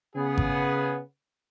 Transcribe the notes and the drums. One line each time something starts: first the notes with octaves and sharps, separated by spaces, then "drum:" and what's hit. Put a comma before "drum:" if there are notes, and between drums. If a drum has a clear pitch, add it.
C#3 B3 G#4
drum: kick G#1